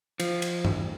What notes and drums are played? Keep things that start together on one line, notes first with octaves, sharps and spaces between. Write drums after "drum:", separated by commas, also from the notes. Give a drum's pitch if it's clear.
F3, drum: cymbal
drum: cymbal
drum: tom G2